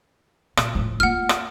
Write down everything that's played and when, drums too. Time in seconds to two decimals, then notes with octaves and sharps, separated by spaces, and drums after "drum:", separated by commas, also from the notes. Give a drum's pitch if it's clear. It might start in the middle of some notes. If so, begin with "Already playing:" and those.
0.57 A#2, drum: rim click
0.75 A2 F3
1.00 A#3 F4 F#5 F6
1.29 drum: rim click